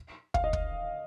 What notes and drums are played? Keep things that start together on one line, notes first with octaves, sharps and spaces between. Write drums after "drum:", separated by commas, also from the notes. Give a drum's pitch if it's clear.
F5, drum: kick
D#5
drum: kick